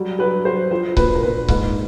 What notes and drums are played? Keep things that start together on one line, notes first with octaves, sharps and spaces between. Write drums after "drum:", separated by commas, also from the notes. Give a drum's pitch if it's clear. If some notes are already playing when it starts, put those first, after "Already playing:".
Already playing: F#3 G3
F#3 B4
F#3 C5
F3 C5
A#2 B4, drum: kick C#1
A#4
A#2 B4
G#2 B4, drum: kick C#1